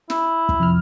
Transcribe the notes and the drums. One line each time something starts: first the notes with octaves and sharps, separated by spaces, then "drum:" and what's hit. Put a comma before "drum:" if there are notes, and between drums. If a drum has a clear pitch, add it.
E4, drum: snare
drum: kick
F2 C3 F6